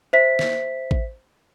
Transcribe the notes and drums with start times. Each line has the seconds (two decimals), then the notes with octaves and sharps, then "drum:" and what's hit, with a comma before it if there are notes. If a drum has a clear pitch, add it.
0.13 C5 E5 B6
0.39 drum: snare
0.91 drum: kick A1